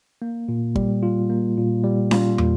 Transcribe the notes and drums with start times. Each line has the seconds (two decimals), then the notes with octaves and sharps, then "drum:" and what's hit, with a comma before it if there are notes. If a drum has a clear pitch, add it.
0.22 A#3
0.49 A#2
0.76 G3, drum: kick
1.03 F4
1.30 A#3
1.57 A#2
1.84 G3
2.11 F4, drum: snare C#4
2.38 A#3, drum: tom